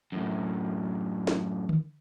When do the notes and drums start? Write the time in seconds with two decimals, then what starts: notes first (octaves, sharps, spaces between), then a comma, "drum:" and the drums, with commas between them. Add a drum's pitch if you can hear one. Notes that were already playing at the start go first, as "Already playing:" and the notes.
0.12 F#2 A2
1.27 drum: snare
1.69 drum: tom D3